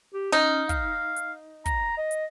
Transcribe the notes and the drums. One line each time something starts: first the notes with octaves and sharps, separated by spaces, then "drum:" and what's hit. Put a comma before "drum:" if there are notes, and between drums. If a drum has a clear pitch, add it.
G4
C#4 D#4
F5, drum: kick, hi-hat
drum: hi-hat
A#5, drum: kick, hi-hat
D#5
drum: hi-hat